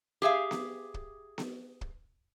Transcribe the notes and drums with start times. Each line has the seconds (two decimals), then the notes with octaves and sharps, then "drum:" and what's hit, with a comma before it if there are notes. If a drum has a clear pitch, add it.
0.22 G4 G#4 E5 F5
0.51 drum: snare B3
0.94 drum: kick
1.38 drum: snare B3
1.81 drum: kick